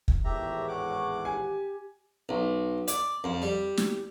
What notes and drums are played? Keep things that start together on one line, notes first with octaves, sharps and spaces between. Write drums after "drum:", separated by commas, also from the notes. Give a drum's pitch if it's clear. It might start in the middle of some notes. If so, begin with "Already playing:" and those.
drum: kick
G#1 E2 A2 G4 E5 A#5
F#5 C#6 D6
G4 G#5
B1
D5, drum: hi-hat
F2
G3
drum: snare